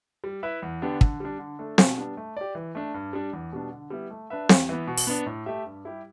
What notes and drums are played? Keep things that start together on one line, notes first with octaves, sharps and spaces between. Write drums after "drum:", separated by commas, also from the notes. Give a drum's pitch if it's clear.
G3
E4 B4 E5
E2
D3 B3 D4 G4
D3, drum: kick
G3 D4
D3
A3 D4 A4
B2, drum: snare C4
G3 B3 D4
A3
G4 D5
E3
A3 D4
G2
G3 D4
E2
B2 G3 B3 D4
D3
G3 B3 E4
A3
D4 B4 E5
E2, drum: snare C4
E3 B3
B2
drum: open hi-hat
B3 D4
A2
A3 G4 E5
G2
G3 E4 G4